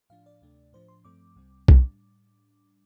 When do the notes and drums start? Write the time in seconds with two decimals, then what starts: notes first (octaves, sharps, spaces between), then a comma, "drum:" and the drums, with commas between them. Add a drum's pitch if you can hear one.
0.10 A2 F3 D4 F5
0.26 D5
0.41 D2 C3 A3 D4
0.73 A2 F3 D4 C5
0.88 C6
1.04 G2 F3 A3 C4 D6
1.36 C2 C3 G3 C4
1.68 A2 G3 D4, drum: kick B1